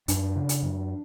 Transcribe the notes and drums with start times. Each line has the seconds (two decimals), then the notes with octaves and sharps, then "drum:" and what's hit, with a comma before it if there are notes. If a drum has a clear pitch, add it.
0.08 F#2 D4, drum: hi-hat
0.36 C#3
0.49 drum: hi-hat
0.63 F#2